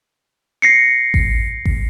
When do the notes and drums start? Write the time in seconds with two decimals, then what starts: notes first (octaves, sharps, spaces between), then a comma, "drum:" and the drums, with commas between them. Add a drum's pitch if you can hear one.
0.62 A#6 C7 C#7
1.14 drum: kick A1
1.65 drum: kick A1